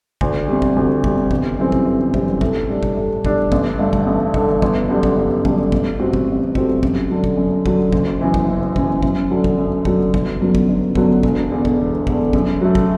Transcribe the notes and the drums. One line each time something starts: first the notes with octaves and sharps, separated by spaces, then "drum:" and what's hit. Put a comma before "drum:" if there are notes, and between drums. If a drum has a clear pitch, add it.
D2, drum: kick
C3 G3
drum: kick
D2
C3 G3, drum: kick
G1, drum: kick
F#2 E3 G3 C4
drum: kick
G1
F#2 E3 G3 C4, drum: kick
A2, drum: kick
G3 D4 A4
drum: kick
A2
G3 D4 A4, drum: kick
A1, drum: kick
G2 D3 A3
drum: kick
A1
G2 D3 A3, drum: kick
G1, drum: kick
F#2 D3 G3
drum: kick
G1
F#2 D3 G3, drum: kick
A1, drum: kick
A2 G3 C4 F#4
drum: kick
A1
A2 G3 C4 F#4, drum: kick
F#2, drum: kick
D3 F#3
drum: kick
F#2
D3 F#3, drum: kick
F#1, drum: kick
F#2 E3
drum: kick
F#1
F#2 E3, drum: kick
F#2, drum: kick
D3 F#3
drum: kick
F#2
D3 F#3, drum: kick
G1, drum: kick
F#2 D3 F#3 B3
drum: kick
G1
F#2 D3 F#3 B3, drum: kick
E1, drum: kick
E2 D3
drum: kick
E1
E2 D3, drum: kick
F#2, drum: kick
F#3 A3
drum: kick